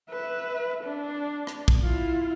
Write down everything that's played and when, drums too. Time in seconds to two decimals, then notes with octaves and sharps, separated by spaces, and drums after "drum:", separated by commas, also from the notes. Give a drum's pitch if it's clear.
0.10 B4 E5
0.84 D4
1.47 drum: rim click
1.68 drum: kick
1.84 E4 F4